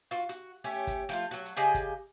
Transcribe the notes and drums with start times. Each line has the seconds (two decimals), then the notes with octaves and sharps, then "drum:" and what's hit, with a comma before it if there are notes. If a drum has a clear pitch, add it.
0.11 F4 F#4
0.29 F#4, drum: hi-hat
0.64 A3 C#4 G4
0.87 drum: kick, hi-hat
1.09 F3 A3 F4
1.31 F#3 F#4
1.45 drum: hi-hat
1.56 C#3 G4 G#4 D#5
1.74 drum: kick, hi-hat